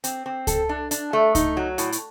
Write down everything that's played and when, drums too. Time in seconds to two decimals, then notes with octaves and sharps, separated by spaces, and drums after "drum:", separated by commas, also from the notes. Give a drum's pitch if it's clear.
0.04 C4, drum: hi-hat
0.26 C4
0.47 A4, drum: kick C#2, hi-hat
0.69 D4
0.91 D4, drum: hi-hat
1.13 A3
1.35 D#4, drum: kick C#2, hi-hat
1.57 F#3
1.78 A2, drum: hi-hat
1.92 drum: hi-hat